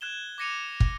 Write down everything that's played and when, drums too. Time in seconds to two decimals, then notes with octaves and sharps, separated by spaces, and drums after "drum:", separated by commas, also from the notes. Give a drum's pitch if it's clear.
0.01 F#6 G#6 E7 G7
0.38 D6 G#6 A#6 C#7 D#7 F7
0.80 drum: kick